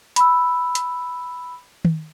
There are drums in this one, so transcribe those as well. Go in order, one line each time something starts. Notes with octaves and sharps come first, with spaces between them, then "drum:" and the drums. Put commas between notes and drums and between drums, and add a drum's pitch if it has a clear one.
B5 E6, drum: hi-hat
drum: hi-hat
drum: tom D#3